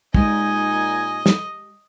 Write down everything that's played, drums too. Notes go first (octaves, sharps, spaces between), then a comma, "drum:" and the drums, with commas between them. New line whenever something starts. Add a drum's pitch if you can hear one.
A#2 G#3 D#4 G4 D#5 G#5, drum: kick
drum: snare